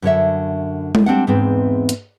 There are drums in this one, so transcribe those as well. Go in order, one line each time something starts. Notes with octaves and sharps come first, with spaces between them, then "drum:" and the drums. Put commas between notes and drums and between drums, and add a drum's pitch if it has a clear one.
F#2 D3 C#5 E5
drum: tom G#3
G3 C4 D4 F#5
E2 G#2 B3 C4
drum: hi-hat